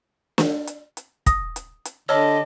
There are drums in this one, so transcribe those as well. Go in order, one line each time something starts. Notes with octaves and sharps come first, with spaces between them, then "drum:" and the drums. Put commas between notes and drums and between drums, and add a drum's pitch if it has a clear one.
drum: snare
drum: hi-hat
drum: hi-hat
D#6 A#6, drum: kick, hi-hat
drum: hi-hat
drum: hi-hat
D3 G4 C#5 D#5 A5 B5 E6 F6